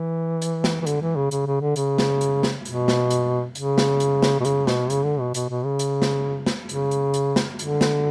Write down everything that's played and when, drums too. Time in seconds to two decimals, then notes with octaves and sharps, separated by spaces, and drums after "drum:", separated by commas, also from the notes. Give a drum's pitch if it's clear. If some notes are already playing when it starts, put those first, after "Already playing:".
Already playing: E3
0.42 drum: hi-hat
0.64 drum: snare
0.81 E3
0.86 D3, drum: hi-hat
1.01 E3
1.16 C#3
1.31 C#3, drum: hi-hat
1.46 C#3
1.61 D3
1.76 C#3, drum: hi-hat
1.98 drum: snare
2.21 drum: hi-hat
2.43 drum: snare
2.65 B2, drum: hi-hat
2.88 drum: snare
3.10 drum: hi-hat
3.55 C#3, drum: hi-hat
3.78 drum: snare
4.00 drum: hi-hat
4.22 drum: snare
4.40 B2
4.45 C#3, drum: hi-hat
4.67 B2, drum: snare
4.90 C#3, drum: hi-hat
5.04 D3
5.20 B2
5.34 B2, drum: hi-hat
5.49 B2
5.65 C#3
5.79 drum: hi-hat
6.02 drum: snare
6.46 drum: snare
6.69 C#3, drum: hi-hat
6.91 drum: hi-hat
7.14 drum: hi-hat
7.36 drum: snare
7.59 D3, drum: hi-hat
7.81 drum: snare